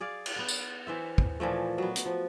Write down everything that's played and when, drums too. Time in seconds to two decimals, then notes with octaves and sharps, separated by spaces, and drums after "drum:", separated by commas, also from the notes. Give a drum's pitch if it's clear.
0.01 G#4 D5 F5
0.26 drum: cymbal
0.36 B3 F#5
0.49 drum: tambourine
0.87 E3 C5 E5
1.18 drum: kick
1.40 A#2 E3 F3 A3
1.78 F#3 B3
1.96 drum: hi-hat
2.06 F3